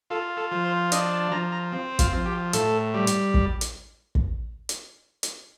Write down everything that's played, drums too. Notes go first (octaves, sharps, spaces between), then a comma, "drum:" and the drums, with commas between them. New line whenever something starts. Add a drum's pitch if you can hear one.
F4 A4
A4
F3
C5
D4 D#5, drum: hi-hat
A5
F3 A#5
A#5
C4
F4, drum: kick, hi-hat
F3
G4
A2 A4, drum: hi-hat
G3
drum: hi-hat
drum: kick
drum: hi-hat
drum: kick
drum: hi-hat
drum: hi-hat